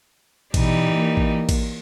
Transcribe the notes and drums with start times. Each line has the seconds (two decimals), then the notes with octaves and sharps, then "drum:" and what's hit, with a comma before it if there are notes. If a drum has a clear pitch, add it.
0.54 B2 E3 G3 D#4, drum: kick, cymbal
0.92 A#3
1.17 drum: kick
1.49 drum: kick, cymbal